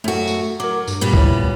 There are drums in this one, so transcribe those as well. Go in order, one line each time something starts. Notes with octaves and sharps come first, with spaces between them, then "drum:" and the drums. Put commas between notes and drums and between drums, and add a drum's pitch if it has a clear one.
F#2 A3 F#4 A4
drum: tambourine
F#3 A#4 D6
G2, drum: tambourine
A#2 G3 B3
E4 C#5, drum: kick C#2